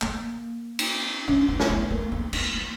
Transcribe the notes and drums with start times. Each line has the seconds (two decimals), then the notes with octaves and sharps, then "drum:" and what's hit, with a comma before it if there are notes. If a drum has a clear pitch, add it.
0.02 A#3, drum: clap
0.79 drum: cymbal
1.28 C#4
1.48 B3
1.60 C#4, drum: snare
1.70 B3
1.90 A#3
2.12 B3
2.33 B3, drum: cymbal
2.54 A#3